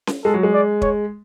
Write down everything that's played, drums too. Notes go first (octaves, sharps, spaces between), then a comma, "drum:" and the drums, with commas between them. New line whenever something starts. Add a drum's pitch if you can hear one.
drum: snare C#4
G#3 A4
F#3
G#3
D5
C#5, drum: kick